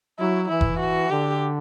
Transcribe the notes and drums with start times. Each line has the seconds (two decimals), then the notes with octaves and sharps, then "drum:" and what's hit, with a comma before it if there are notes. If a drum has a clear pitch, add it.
0.19 F#3 E4
0.49 E3 E4
0.61 drum: kick F1
0.80 F#4
1.10 D3 G4